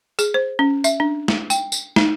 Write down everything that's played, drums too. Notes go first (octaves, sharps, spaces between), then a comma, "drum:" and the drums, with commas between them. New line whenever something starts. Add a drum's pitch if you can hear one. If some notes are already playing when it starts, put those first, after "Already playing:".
G#4, drum: tambourine
C5
C#4
E5, drum: tambourine
D4
drum: snare
G5, drum: tambourine
drum: tambourine
D#4, drum: snare